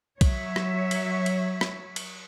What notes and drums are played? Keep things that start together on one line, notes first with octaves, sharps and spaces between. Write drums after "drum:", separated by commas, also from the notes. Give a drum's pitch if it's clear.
F#3 C#5 E5, drum: kick, cymbal
drum: rim click
drum: cymbal
drum: cymbal
drum: rim click
drum: cymbal